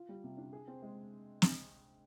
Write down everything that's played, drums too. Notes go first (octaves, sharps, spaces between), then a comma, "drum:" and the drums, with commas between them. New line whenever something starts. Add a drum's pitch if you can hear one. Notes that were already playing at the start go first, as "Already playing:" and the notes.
Already playing: F4
G3
C3
D4
G#4
C4
G#3
drum: snare